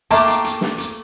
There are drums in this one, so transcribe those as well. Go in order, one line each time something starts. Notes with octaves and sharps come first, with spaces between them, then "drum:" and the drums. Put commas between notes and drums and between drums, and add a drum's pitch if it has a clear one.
A3 A#3 G5 A5 A#5 D6, drum: hi-hat
drum: hi-hat
drum: hi-hat
drum: snare
drum: hi-hat